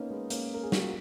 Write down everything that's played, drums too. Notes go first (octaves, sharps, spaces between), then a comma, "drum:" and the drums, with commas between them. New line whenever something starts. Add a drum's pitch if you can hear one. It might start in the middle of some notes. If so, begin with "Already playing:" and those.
Already playing: A#3 B3 C#4 D#4
G#3 B3
A#3 C#4, drum: hi-hat
A#4
G#4
F#4, drum: snare
F4